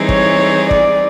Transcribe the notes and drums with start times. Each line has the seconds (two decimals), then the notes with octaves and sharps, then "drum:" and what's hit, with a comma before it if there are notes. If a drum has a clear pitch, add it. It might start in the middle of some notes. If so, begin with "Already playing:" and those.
Already playing: E3 G3 C4 D#4 G#4
0.09 C#5, drum: kick
0.71 D5, drum: kick